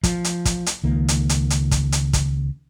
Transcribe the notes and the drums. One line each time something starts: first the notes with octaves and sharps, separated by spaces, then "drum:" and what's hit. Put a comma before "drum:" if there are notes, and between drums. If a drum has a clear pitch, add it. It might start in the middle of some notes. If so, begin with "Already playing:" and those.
F3, drum: kick, hi-hat
drum: hi-hat
drum: kick, hi-hat
drum: hi-hat
C#2 D#3 A#3
drum: hi-hat
drum: hi-hat
drum: hi-hat
drum: kick, hi-hat
drum: hi-hat
drum: kick, hi-hat